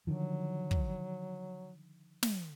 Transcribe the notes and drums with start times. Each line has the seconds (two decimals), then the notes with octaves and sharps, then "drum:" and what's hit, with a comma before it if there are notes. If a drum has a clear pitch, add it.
0.07 D3 D#3 F3 F#3
0.71 drum: kick
2.23 drum: snare